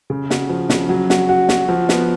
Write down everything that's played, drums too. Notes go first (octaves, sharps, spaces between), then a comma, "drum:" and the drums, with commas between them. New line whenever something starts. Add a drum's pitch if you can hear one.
C#3
F#4, drum: snare
F3
C#3, drum: snare
F#3
F#4, drum: snare
F#4
F#4, drum: snare
F3
B3, drum: snare